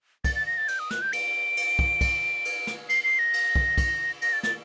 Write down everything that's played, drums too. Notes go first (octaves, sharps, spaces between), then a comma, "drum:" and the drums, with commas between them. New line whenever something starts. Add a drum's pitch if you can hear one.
A6, drum: kick, cymbal
A6
A#6
A6
G6, drum: cymbal
D#6
F#6, drum: snare
G6
D7, drum: cymbal
drum: cymbal
drum: kick
drum: kick, cymbal
drum: cymbal
drum: snare
C7, drum: cymbal
C7
A#6
drum: cymbal
drum: kick
drum: kick, cymbal
A#6, drum: cymbal
A6
A6, drum: snare